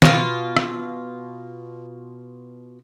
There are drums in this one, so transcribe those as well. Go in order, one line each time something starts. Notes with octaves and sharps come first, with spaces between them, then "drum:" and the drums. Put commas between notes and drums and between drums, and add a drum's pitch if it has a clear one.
B2 F4, drum: snare
drum: rim click